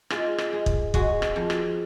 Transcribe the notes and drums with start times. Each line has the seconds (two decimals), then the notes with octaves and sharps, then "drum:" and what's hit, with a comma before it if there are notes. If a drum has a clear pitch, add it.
0.10 G#3 F4, drum: rim click
0.38 drum: rim click
0.52 G#3
0.66 drum: kick
0.94 G#3 F#4, drum: kick
1.22 drum: rim click
1.36 F2
1.50 drum: rim click